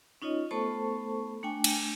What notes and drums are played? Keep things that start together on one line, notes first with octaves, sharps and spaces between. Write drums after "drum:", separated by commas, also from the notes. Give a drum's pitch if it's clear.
C#4 D#4 F4 C#5 D#5
A3 B3 A4 C5 A5 C#6
A3 D4 G5 G#5
drum: cymbal